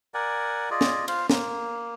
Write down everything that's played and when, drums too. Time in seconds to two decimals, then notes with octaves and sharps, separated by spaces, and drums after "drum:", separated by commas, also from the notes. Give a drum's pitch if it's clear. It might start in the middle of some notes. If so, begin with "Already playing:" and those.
0.14 A#4 D5 F#5 G#5
0.71 F4 G#4 D5 D#5
0.81 drum: snare
1.08 F4 C5 F5, drum: cymbal
1.30 A#3, drum: snare